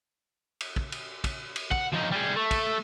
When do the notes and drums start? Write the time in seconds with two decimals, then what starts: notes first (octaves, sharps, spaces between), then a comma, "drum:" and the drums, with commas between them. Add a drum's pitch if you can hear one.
0.61 drum: cymbal
0.76 drum: kick
0.92 drum: cymbal
1.24 drum: kick, cymbal
1.56 drum: cymbal
1.72 F#5, drum: kick
1.94 F3 D#4
2.13 G3 G#4
2.36 A3
2.51 drum: kick, cymbal